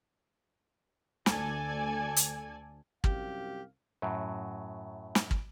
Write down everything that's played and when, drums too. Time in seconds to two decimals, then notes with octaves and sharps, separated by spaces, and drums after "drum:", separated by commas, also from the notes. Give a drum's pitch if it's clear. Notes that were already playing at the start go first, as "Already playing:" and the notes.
1.26 D2 A4 D5 G#5 G#6, drum: snare
2.16 drum: hi-hat
3.04 C2 F#2 G4 F5, drum: kick
4.02 F#2 A2 F#3
5.15 drum: snare
5.31 drum: kick